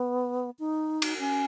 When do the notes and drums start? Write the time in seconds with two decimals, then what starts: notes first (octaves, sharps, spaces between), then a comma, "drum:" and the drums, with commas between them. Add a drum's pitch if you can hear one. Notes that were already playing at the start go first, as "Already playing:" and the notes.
Already playing: B3
0.59 D#4
1.02 drum: cymbal
1.19 C#4